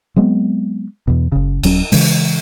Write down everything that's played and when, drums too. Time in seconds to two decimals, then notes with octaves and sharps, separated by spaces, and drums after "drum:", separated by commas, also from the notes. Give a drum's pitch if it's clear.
0.16 F#3 G#3 B3 C4
1.08 E2 B2
1.32 F#1 C#3
1.63 D#1 F#3 C#4, drum: cymbal
1.92 C#3 E3 G#3, drum: open hi-hat